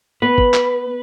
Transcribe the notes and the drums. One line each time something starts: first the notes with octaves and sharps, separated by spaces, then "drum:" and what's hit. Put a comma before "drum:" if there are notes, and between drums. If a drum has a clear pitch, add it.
B3 B4
drum: kick
drum: clap